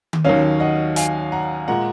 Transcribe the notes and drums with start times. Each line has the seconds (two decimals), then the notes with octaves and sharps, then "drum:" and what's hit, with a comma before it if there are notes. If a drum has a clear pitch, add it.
0.13 drum: tom D#3
0.24 D#2 D#3 F#3 C#4 C#5 F5
0.60 D#5 F#5
0.96 F5 G#5, drum: hi-hat
1.32 F#5 A#5
1.68 A#2 G#3 F#5 A#5